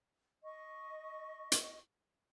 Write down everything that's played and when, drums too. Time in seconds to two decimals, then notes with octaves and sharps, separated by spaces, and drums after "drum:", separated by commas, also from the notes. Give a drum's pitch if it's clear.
0.44 D#5 C#6
1.52 drum: hi-hat